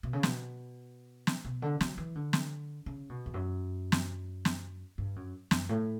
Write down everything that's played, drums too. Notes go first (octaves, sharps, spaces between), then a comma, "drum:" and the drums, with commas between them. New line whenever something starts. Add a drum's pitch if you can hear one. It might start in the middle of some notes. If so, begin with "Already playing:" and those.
B2
C#3
B2, drum: snare
drum: snare
B2
D3
F#3, drum: snare
E3
D3
drum: snare
C#3
B2
E2
F#2
drum: snare
drum: snare
G2
F#2
F#2, drum: snare
A2